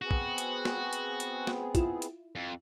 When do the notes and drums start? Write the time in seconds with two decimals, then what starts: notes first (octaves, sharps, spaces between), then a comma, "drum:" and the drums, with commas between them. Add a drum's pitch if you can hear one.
0.02 B3 C4 F#4 G#4
0.11 drum: kick
0.38 drum: hi-hat
0.65 drum: snare
0.93 drum: hi-hat
1.20 drum: hi-hat
1.47 drum: snare
1.75 E4 F4, drum: kick, hi-hat
2.02 drum: hi-hat
2.35 F2